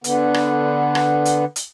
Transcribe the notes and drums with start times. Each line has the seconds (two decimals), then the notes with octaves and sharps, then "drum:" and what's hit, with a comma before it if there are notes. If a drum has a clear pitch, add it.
0.04 D3 B3, drum: hi-hat
0.34 drum: rim click
0.95 drum: rim click
1.25 drum: hi-hat
1.56 drum: hi-hat